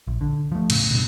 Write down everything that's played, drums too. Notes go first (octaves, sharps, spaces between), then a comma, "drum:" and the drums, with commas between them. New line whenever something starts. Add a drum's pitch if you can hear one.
A#1
D3
F3 A3
A2 C#3, drum: cymbal
G2 B2